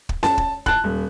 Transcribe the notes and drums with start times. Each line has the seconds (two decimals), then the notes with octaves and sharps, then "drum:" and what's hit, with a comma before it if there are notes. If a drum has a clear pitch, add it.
0.09 drum: kick
0.23 A5, drum: snare C#4
0.38 drum: kick
0.66 A5 F#6, drum: kick
0.84 D#1